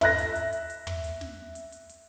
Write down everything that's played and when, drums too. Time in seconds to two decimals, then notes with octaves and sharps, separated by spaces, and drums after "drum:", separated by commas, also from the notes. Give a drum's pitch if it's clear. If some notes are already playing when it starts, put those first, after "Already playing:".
0.01 E5 F#6 A#6, drum: tom
0.18 drum: hi-hat
0.35 drum: hi-hat
0.53 drum: hi-hat
0.70 drum: hi-hat
0.87 drum: tom
1.04 drum: hi-hat
1.21 drum: snare
1.55 drum: hi-hat
1.72 drum: hi-hat
1.89 drum: hi-hat